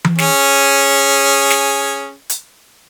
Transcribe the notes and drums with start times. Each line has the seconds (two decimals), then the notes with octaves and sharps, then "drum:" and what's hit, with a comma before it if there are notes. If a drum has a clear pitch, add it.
0.05 drum: tom E3
0.18 C#4 G#4, drum: snare
1.50 drum: snare
2.30 drum: hi-hat